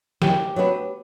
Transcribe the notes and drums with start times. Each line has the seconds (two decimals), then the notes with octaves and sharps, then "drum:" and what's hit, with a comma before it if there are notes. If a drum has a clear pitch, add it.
0.22 F#2 G4, drum: snare
0.56 F#3 B3 D4